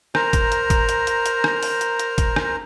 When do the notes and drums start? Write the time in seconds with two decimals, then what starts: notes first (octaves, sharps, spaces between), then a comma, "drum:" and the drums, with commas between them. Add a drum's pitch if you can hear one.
0.15 A#4 C5 A#5, drum: rim click
0.33 drum: kick, hi-hat
0.52 drum: hi-hat
0.70 drum: kick, hi-hat
0.89 drum: hi-hat
1.07 drum: hi-hat
1.26 drum: hi-hat
1.44 drum: rim click
1.63 drum: open hi-hat
1.81 drum: hi-hat
1.99 drum: hi-hat
2.18 drum: kick, hi-hat
2.36 drum: rim click